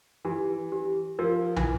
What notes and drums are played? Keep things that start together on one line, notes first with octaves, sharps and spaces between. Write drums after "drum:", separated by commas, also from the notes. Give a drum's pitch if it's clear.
E3 G4
G4
F3 A#4
E3, drum: tom